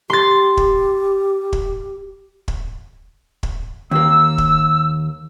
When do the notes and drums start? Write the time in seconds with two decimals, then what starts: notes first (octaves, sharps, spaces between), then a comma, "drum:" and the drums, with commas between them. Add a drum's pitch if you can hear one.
0.10 G4 C6 A6
0.57 drum: kick
1.53 drum: kick
2.48 drum: kick
3.43 drum: kick
3.91 D#2 A#3 E6
4.38 drum: kick